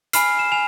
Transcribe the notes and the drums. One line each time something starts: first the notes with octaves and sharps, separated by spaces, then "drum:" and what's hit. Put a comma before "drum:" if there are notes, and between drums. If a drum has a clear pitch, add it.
G#5 B5 F6 C7, drum: hi-hat
E7
G#5 F7